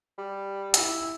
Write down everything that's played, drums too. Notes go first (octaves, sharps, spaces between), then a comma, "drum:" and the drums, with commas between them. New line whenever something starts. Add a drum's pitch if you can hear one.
G3
E4, drum: hi-hat